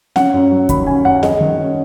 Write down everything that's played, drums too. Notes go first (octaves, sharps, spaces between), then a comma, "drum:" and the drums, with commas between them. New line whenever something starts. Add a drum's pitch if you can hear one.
C#4 F#5, drum: snare C4
F#2
F#3
D#3 B5, drum: kick D2, hi-hat
C#4 G#5
F#2 F#5
G#4 D#5, drum: snare C4
D#3
C#4